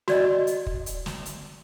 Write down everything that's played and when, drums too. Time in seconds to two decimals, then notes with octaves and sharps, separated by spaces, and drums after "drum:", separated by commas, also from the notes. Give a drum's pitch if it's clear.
0.08 F#4 D5 D#5, drum: snare
0.47 drum: hi-hat
0.67 drum: kick
0.86 drum: hi-hat
1.06 drum: snare
1.26 drum: hi-hat